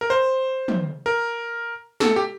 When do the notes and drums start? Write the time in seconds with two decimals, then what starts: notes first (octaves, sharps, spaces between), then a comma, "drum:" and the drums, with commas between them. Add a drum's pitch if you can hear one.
0.01 A#4
0.10 C5
0.68 drum: tom
1.06 A#4
2.00 A4, drum: snare
2.16 G4